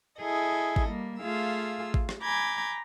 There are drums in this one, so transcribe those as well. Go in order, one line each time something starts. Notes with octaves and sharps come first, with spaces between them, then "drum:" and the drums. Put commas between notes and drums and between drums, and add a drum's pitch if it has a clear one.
E4 G#4 A4 D#5
drum: kick G#1
G3 A#3
A3 F4 G#4 F5 E6
drum: kick G#1
drum: rim click
G#5 A#5 B5 D6 G6 G#6